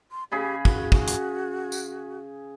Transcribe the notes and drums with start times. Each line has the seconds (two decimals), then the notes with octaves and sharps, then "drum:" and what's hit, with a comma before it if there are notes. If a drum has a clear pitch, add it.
0.11 C6
0.32 C#3 G4 G#4 B5
0.65 F#4, drum: kick
0.92 drum: kick
1.08 drum: hi-hat
1.72 drum: tambourine